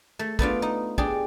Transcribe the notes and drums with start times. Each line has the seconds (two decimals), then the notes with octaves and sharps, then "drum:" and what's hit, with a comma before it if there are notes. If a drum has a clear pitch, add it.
0.19 A3
0.39 A3 B3 D4 F4, drum: kick
0.62 D#4
0.98 D4 G4 G#4, drum: kick